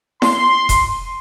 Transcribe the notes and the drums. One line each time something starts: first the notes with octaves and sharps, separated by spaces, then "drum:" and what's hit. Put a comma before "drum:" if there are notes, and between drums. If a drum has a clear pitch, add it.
C6, drum: snare E4
drum: kick E1, hi-hat